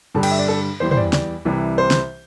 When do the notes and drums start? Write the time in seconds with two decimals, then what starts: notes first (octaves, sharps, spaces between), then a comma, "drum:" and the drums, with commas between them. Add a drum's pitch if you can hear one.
0.15 G2 D3 G3 A5
0.23 G5, drum: cymbal
0.31 E5
0.39 D5
0.48 A4
0.80 E2 E3 G3 C5
0.91 C5, drum: tom
0.97 D5
1.13 D5, drum: snare
1.45 C2 C3 E3 G3
1.78 C5
1.91 drum: snare